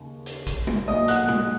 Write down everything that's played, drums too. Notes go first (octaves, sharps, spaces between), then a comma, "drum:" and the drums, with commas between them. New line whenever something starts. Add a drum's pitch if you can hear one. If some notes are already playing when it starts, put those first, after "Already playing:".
Already playing: D#2 C#3
drum: hi-hat
drum: kick A1, hi-hat
drum: tom
B1 A#2 F#3 D#5 D#6
F#5 F#6, drum: hi-hat
drum: tom